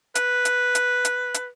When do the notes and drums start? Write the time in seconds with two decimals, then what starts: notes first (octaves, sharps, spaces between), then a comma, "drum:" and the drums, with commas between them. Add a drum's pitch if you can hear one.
0.15 B4, drum: hi-hat
0.45 drum: hi-hat
0.75 drum: hi-hat
1.05 drum: hi-hat
1.34 drum: hi-hat